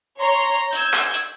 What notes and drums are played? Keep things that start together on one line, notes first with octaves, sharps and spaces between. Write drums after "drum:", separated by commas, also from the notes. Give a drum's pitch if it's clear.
C#5 A#5 C6
E6 G6 G#6, drum: hi-hat
drum: clap
drum: hi-hat